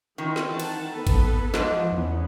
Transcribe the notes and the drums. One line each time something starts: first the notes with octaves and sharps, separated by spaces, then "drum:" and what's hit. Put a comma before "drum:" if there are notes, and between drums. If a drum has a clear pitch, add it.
D#3 E3 C4 F4
drum: snare
F#5 A5
drum: cymbal
B3 A4 B4
drum: kick G#1, cymbal
G#2 F3, drum: snare
E2 B3 C#4